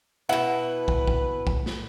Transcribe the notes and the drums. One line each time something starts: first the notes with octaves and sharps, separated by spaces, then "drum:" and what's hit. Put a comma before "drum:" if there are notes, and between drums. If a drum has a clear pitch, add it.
B2 E4 B4 F#5
drum: kick
drum: kick
drum: kick
drum: snare